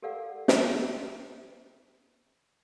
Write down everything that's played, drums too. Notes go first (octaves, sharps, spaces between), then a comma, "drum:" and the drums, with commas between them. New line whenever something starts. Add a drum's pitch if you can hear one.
G4 A4 A#4 D5 F5 F#5
drum: snare